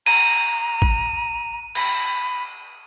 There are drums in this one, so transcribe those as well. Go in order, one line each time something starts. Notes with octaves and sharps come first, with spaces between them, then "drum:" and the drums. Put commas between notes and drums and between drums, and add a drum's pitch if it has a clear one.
A#5 D#7, drum: cymbal
drum: kick G#1
B5, drum: cymbal